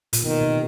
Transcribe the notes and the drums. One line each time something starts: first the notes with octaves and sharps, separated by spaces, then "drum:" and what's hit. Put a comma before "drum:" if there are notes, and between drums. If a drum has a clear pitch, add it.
A#2, drum: hi-hat
B2 D#3
C3